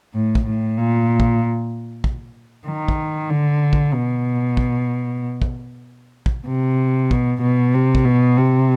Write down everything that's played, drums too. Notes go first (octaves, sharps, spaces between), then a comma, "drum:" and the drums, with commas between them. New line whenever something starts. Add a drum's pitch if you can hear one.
A2
drum: kick
A2
A#2
drum: kick
drum: kick
D#3
drum: kick
D3
drum: kick
B2
drum: kick
drum: kick
drum: kick
C3
B2, drum: kick
B2
C3
drum: kick
B2
C3